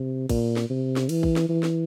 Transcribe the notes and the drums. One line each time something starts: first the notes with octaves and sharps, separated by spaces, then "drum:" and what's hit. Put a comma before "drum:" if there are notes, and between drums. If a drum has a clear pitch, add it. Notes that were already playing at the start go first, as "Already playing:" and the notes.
Already playing: C3
A#2, drum: kick, cymbal
drum: snare
C3
drum: snare
E3, drum: cymbal
drum: kick
drum: snare
E3
drum: snare